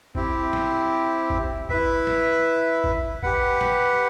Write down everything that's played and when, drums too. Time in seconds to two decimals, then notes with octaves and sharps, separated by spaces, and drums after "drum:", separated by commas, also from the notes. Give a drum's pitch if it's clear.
0.15 C4 E4 G4, drum: kick G#1
0.53 drum: snare
1.30 drum: kick G#1
1.69 E4 B4 E5, drum: kick G#1
2.07 drum: snare
2.84 drum: kick G#1
3.23 G4 B4 F#5, drum: kick G#1
3.61 drum: snare